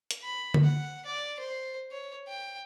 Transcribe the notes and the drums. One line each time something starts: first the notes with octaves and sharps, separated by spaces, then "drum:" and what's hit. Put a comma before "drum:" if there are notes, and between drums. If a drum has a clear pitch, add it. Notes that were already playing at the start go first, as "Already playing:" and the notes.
drum: hi-hat
B5
drum: tom D3
F#5
D5
C5
C#5
G5